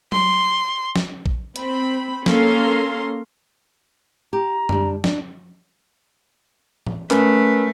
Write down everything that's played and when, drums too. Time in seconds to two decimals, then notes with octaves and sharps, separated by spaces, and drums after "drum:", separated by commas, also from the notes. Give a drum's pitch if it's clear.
0.12 C6, drum: tom F#3
0.96 drum: snare
1.26 drum: kick A#1
1.56 C4 B5, drum: hi-hat
2.26 A#3 C#4 A4 F5 A#5 C6, drum: snare
4.33 G4 A#5
4.69 G3 D4, drum: tom F#2
5.04 D4, drum: snare
6.87 drum: tom A2
7.11 A3 C#4 A#4 B4, drum: clap